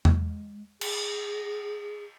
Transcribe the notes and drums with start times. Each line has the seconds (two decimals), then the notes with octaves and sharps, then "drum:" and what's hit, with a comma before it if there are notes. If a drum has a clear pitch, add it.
0.05 G#3, drum: tom E2
0.81 G#4, drum: cymbal